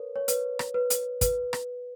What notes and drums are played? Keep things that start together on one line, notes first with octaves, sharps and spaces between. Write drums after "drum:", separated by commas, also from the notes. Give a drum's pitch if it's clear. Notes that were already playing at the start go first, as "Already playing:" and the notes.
Already playing: A#4 B4 C#5
C#5
B4, drum: hi-hat
drum: rim click
B4
drum: hi-hat
B4, drum: kick, hi-hat
drum: rim click